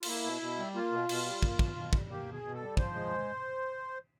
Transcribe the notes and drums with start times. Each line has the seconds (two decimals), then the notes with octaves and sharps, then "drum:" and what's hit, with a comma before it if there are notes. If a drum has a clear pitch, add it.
0.03 F4, drum: cymbal
0.07 A#3 E4
0.24 B2
0.41 B2
0.58 G3
0.75 A#3 F4
0.92 B2
1.09 B2, drum: cymbal
1.25 G3
1.43 A#3, drum: kick
1.59 B2, drum: kick
1.76 B2
1.93 G3, drum: kick
2.10 A#3 G4
2.26 B2
2.32 G#4
2.44 B2
2.54 A4
2.61 G3
2.77 F3 C5, drum: kick
2.94 G#3